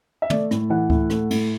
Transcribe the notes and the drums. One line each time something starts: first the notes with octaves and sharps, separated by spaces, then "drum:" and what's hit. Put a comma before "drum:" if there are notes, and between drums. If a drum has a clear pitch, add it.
E5
A3 D5, drum: tom
A2, drum: rim click
E3 F#5
A2, drum: kick D2
A3, drum: rim click
A2, drum: cymbal